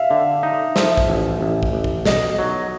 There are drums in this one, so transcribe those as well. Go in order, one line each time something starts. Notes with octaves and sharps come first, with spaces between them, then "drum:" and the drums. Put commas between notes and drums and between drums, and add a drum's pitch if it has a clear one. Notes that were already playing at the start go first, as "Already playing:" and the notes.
Already playing: E5 F5
D3
D#4
F3 E5, drum: snare
drum: kick
A1
A1
drum: kick
A1
drum: kick
B1 D#5, drum: snare
F#3